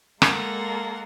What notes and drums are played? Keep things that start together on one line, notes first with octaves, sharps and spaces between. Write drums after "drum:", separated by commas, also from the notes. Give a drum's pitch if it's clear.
G#3 A#3 A4 A#4 F#5, drum: rim click